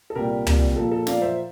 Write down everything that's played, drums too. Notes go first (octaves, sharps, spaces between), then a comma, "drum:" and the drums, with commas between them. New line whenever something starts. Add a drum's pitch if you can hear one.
A4
C2 A#2 G3 G4 A#4
C2 A#2 G3, drum: tom
A#2 F3 A#3 A4
A4
A#2 F3 A#3 D5 F5, drum: snare
C5 E5